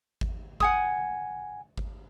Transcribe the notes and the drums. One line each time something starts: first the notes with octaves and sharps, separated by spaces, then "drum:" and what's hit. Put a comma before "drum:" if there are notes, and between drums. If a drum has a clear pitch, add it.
drum: kick G#1
F#5 G#5 D#6, drum: kick G#1
drum: kick G#1